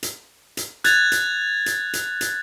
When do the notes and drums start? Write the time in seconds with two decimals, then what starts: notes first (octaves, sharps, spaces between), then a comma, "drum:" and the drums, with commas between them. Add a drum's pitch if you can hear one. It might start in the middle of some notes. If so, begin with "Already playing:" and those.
0.03 drum: hi-hat
0.57 drum: hi-hat
0.84 F#6 G#6 A6 F7, drum: hi-hat
1.12 drum: hi-hat
1.66 drum: hi-hat
1.93 drum: hi-hat
2.21 drum: hi-hat